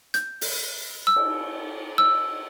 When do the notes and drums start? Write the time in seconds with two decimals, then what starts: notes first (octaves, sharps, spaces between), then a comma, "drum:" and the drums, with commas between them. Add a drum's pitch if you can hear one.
0.14 G6, drum: hi-hat
0.41 drum: open hi-hat
1.07 E6
1.16 drum: cymbal
1.98 E6